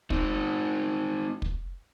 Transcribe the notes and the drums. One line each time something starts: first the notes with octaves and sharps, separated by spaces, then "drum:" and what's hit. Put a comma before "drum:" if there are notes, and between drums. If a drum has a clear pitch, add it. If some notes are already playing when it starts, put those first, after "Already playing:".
C4 D#4, drum: kick
drum: kick